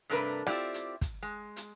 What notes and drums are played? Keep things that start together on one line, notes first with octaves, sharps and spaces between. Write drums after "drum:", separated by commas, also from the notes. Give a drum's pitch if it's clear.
G2 C3 A3 D4 A#4 B4
C4 E4 F4 G4 D5, drum: rim click
drum: hi-hat
drum: kick, hi-hat
G#3
drum: hi-hat